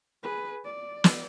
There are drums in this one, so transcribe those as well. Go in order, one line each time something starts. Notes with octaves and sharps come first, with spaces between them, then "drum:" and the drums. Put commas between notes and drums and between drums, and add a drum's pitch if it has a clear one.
G#4 B4
D5
drum: snare